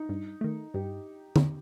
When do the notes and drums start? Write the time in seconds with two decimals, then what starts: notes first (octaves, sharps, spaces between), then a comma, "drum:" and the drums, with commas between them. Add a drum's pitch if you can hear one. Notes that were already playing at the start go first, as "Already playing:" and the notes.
Already playing: D#4
0.09 G2
0.41 D#3 A3
0.74 G2 G4
1.36 drum: tom D3